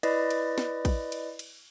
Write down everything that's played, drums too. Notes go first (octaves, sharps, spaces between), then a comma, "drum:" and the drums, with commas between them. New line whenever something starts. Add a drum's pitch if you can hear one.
E4 B4 D5 D#5, drum: cymbal
drum: cymbal
drum: snare
drum: kick, cymbal
drum: cymbal
drum: cymbal